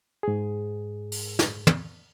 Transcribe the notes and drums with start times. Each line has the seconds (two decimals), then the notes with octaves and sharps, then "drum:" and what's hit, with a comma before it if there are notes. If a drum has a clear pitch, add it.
0.23 G#2 G#4
1.12 drum: open hi-hat
1.39 drum: snare
1.67 drum: tom